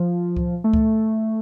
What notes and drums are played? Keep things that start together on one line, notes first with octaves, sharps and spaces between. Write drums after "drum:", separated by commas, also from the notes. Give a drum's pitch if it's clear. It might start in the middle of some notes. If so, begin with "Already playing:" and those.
Already playing: F3
drum: kick C#2
A3
drum: kick C#2